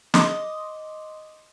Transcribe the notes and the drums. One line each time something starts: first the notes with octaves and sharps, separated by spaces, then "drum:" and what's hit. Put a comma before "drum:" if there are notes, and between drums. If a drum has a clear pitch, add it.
D#5 C6 D6 D#6, drum: snare